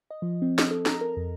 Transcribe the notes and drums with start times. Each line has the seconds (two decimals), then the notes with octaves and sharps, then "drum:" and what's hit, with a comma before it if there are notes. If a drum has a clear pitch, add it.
0.11 D#5
0.22 F3
0.42 C4
0.59 D#5, drum: snare
0.71 A4
0.86 A#5, drum: snare
1.01 A#4
1.17 F2